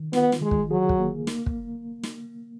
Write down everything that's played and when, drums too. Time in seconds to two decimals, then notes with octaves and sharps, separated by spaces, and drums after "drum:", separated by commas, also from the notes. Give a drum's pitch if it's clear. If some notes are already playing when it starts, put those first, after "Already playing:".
Already playing: D#3
0.13 B3 F4, drum: snare
0.32 drum: snare
0.41 D#3 G#3
0.51 drum: kick
0.71 F#3 G#4
0.89 drum: kick
0.99 A#3
1.27 A#3, drum: snare
1.46 drum: kick
2.03 drum: snare